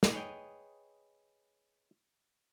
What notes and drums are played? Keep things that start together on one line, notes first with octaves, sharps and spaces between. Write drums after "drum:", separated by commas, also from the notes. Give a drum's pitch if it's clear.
drum: snare
G#4 B4 C#5 D#5 G5